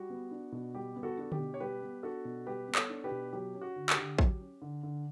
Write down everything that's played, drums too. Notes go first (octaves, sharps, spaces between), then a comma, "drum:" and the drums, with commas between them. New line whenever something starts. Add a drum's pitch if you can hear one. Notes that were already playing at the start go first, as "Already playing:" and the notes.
Already playing: G3 F#4
B3
D4
B2
G3 G4
B3
F#4 A4
D4 F#4
G4, drum: tom D3
B2
C#5
G3 G4 B4
B3
D4 F#4 A4
B2
G3 G4 B4
B3
A4 C#5, drum: clap
D4
G4 B4
B2
F#3 G4
C#4
F#4
D3
G4, drum: clap
D3
F#3, drum: kick
C#4
D3
D3